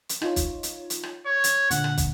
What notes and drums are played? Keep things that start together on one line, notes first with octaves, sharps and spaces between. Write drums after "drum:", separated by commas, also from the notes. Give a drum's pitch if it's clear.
drum: hi-hat
D#4 F4 C#5, drum: rim click
drum: kick, hi-hat
drum: hi-hat
drum: hi-hat
drum: rim click
C#5
drum: hi-hat
A#2 D3 F#5, drum: hi-hat
drum: rim click
drum: kick, hi-hat